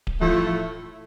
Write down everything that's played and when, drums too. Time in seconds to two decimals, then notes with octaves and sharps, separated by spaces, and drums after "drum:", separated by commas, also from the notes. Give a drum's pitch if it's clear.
0.07 drum: kick D1
0.21 A2 F3 A3